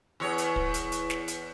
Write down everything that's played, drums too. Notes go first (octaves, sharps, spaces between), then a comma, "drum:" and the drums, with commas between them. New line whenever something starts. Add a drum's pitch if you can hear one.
E2 C#5
drum: hi-hat
drum: kick
drum: hi-hat
drum: hi-hat
drum: snare
drum: hi-hat